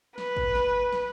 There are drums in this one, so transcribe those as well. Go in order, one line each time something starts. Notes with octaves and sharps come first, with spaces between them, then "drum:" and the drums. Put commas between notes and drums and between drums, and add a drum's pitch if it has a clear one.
B4, drum: snare
drum: kick G#1
drum: snare
drum: snare